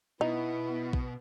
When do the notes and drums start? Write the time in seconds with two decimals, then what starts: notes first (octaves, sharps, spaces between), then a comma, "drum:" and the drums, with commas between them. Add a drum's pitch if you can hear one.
0.21 B2 B3 D#4 E4
0.93 drum: kick A#1